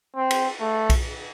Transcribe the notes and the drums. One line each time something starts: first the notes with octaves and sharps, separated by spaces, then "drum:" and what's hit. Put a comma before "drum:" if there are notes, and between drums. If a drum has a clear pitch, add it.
C4
drum: cymbal
A3
drum: kick B1, cymbal